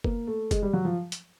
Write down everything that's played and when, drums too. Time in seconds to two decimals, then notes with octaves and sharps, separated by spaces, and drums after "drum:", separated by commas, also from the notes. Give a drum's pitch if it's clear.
0.04 A#3, drum: kick F#1
0.27 A3
0.51 G#3, drum: kick F#1, hi-hat
0.62 G3
0.73 F#3
0.85 F3
1.12 drum: hi-hat